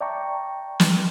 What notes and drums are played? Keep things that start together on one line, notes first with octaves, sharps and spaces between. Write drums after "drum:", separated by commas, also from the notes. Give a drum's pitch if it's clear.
D5 E5 G5 A5 A#5 C#6
drum: snare